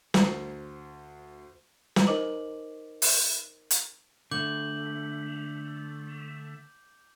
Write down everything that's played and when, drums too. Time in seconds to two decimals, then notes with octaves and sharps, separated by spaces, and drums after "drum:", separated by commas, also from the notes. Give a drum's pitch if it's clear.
0.14 D2 C5, drum: snare
1.96 drum: snare
2.07 D#4 A#4 C5 D#5 D6 F#7
3.02 drum: open hi-hat
3.71 drum: hi-hat
4.31 D3 A3 D6 G6 F#7